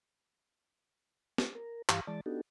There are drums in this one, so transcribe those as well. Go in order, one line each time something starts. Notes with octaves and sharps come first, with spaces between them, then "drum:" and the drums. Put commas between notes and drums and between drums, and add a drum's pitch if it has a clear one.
drum: snare
A#4
G2 E3 G4 F5, drum: clap
E3 G#3 D5 A5
B3 D4 D#4 F#4 G4 A4